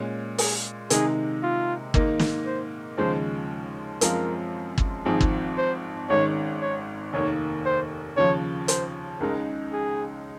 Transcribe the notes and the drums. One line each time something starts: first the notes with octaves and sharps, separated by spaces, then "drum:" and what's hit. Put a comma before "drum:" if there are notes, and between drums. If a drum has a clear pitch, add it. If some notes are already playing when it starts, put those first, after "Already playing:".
Already playing: A#2 G#3 C#4
G#4, drum: open hi-hat
C3 D#3 G#3 D#4 G#4, drum: hi-hat
F4
G#2 D#3 A#3 D#4, drum: kick
drum: snare
C5
D#2 C#3 F3 G#3 C5
F#2 F3 G#3 C4 F4 A#4, drum: hi-hat
drum: kick
G#1 G#2 F3 C4 G#4
drum: kick
C5
G#1 G#2 D#3 G#3 C#4 C#5
C#5
F1 D#2 D#3 A#3 C#5
C5
D#2 C#3 F3 C#5
C5, drum: hi-hat
C#2 C#3 G#3 D#4 A#4
G#4